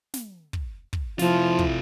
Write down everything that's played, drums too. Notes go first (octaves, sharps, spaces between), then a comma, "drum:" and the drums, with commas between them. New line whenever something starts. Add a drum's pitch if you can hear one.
drum: snare
drum: kick
drum: kick
C3 F3 E4 F4, drum: snare
drum: kick